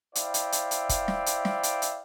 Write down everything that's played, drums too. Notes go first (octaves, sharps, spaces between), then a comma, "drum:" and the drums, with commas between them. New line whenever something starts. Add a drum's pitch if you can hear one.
E4 C5 D5 E5 F5 G5, drum: hi-hat
drum: hi-hat
drum: hi-hat
drum: hi-hat
drum: kick, hi-hat
drum: snare
drum: hi-hat
drum: snare
drum: hi-hat
drum: hi-hat